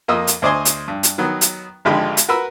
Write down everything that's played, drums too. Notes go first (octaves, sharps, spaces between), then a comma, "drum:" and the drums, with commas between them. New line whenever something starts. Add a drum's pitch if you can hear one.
F2 A#3 D#5 E6
drum: hi-hat
D2 C5 D5 D#5 G#5 C6
drum: hi-hat
G2
drum: hi-hat
D#3 F#3 B3
drum: hi-hat
G#1 D3 F3 G#3 G4 B5
drum: hi-hat
F#4 A#4 B4 B5 E6